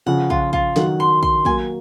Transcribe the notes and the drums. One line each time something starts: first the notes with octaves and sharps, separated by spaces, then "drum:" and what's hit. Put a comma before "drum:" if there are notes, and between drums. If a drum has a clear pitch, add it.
C#3 F3 F#5
F4, drum: kick
F4, drum: kick
D#3 F#3 F#5, drum: snare
C6
C6, drum: kick
F#3 A#3 G#5, drum: kick